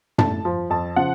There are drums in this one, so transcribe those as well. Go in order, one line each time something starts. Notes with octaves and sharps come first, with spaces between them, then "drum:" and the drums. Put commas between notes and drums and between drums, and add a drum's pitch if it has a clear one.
A2 A5, drum: tom
F3
F2 A5
C#3 F3 F#5